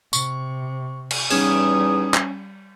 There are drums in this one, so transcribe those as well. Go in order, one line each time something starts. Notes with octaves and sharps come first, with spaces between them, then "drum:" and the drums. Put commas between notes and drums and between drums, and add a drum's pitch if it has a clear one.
C3 C#6, drum: tambourine
drum: cymbal
E2 G3 C#4 D#4 D#6 G#6 E7, drum: open hi-hat
drum: clap